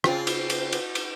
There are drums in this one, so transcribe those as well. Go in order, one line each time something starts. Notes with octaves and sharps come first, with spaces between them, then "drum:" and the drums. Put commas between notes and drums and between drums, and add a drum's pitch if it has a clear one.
C#3 C4 F4, drum: rim click
drum: cymbal
drum: cymbal
drum: cymbal
drum: cymbal